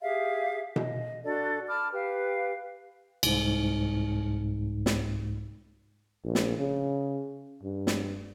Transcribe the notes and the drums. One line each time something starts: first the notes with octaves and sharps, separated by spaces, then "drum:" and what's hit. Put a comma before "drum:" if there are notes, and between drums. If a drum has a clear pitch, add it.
G4 G#4 E5 F5
D#5, drum: tom B2
D4 F#4 A4 D5
A5 B5 D6 F6
G4 B4 F5
C2 G#2, drum: cymbal
drum: snare
A#1
drum: snare
C#3
G2
drum: snare